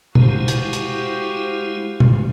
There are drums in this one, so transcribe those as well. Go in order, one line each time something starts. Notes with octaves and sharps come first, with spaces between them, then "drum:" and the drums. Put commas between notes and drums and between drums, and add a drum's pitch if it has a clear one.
G#3 E4 F#4 G4 C5 F5, drum: tom
drum: hi-hat
drum: hi-hat
drum: tom